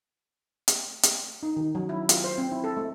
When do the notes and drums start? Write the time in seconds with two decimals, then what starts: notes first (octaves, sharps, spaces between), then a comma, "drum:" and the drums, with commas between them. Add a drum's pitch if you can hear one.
0.68 drum: hi-hat
1.03 drum: hi-hat
1.43 D#4
1.56 D#3
1.75 F#3
1.89 E4
2.09 F4, drum: hi-hat
2.24 C5
2.38 C4
2.52 E4
2.64 A4
2.77 A3